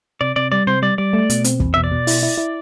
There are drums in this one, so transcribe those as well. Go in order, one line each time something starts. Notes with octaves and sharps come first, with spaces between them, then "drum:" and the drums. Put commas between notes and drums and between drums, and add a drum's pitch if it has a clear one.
C3 D5
C3 D5
G3 D5
C3 C5
G3 D5
G3 D5
A3
B2, drum: hi-hat
C4, drum: hi-hat
E2, drum: kick
B2 E5
D5
B2
E4, drum: open hi-hat
E4
E4